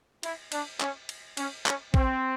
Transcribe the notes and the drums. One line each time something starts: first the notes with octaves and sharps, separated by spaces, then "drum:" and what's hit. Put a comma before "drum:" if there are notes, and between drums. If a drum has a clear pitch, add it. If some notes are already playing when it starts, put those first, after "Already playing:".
E4, drum: cymbal
D4, drum: cymbal
C#4, drum: clap
drum: cymbal
C#4, drum: cymbal
C#4, drum: clap
C4, drum: kick